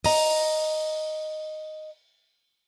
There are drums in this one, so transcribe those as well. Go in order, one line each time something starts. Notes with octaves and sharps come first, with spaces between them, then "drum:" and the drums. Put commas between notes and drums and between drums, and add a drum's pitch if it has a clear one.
D#5 A#5, drum: open hi-hat